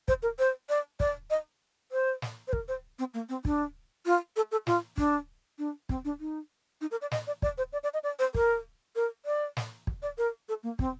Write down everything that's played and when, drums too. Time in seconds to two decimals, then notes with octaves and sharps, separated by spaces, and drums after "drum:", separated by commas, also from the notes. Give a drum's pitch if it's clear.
0.08 C5, drum: kick
0.23 A#4
0.39 C5
0.69 D5
1.00 D5, drum: kick
1.30 D#5
1.92 C5
2.22 drum: snare
2.48 C5
2.53 A#4, drum: kick
2.68 C5
2.99 C4
3.14 A#3
3.29 C4
3.45 D4, drum: kick
4.06 F4
4.36 A4
4.52 A4
4.67 F4, drum: snare
4.98 D4, drum: kick
5.59 D4
5.89 C4, drum: kick
6.05 D4
6.20 D#4
6.81 D#4
6.91 A#4
7.02 D5
7.11 D#5, drum: snare
7.27 D5
7.42 D5, drum: kick
7.58 C5
7.73 D5
7.83 D5
7.94 D#5
8.03 D5
8.19 C5
8.35 A#4, drum: kick
8.96 A#4
9.26 D5
9.57 drum: snare
9.87 drum: kick
10.02 D5
10.18 A#4
10.49 A4
10.63 A#3
10.79 C4, drum: kick